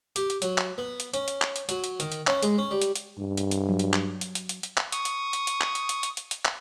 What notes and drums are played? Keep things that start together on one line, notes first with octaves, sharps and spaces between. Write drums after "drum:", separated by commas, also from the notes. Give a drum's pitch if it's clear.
G4, drum: hi-hat
drum: hi-hat
F#3, drum: hi-hat
drum: clap
B3
drum: hi-hat
C#4, drum: hi-hat
drum: hi-hat
drum: clap
drum: hi-hat
F#3, drum: hi-hat
drum: hi-hat
D#3, drum: hi-hat
drum: hi-hat
C#4, drum: clap
G#3, drum: hi-hat
C#4
G3
drum: hi-hat
drum: hi-hat
G2
drum: hi-hat
drum: hi-hat
F#3
drum: hi-hat
drum: clap
drum: hi-hat
drum: hi-hat
drum: hi-hat
drum: hi-hat
drum: clap
C#6 D#6, drum: hi-hat
drum: hi-hat
drum: hi-hat
drum: hi-hat
drum: clap
drum: hi-hat
drum: hi-hat
drum: hi-hat
drum: hi-hat
drum: hi-hat
drum: clap